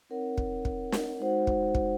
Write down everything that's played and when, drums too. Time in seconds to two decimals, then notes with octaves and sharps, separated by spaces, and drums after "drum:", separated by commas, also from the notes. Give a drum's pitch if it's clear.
0.10 C4 D#4 A#4 C#5 F#5
0.38 drum: kick
0.65 drum: kick
0.92 drum: snare
1.20 G#3 D#4 F#4 C5 F#5
1.47 drum: kick
1.75 drum: kick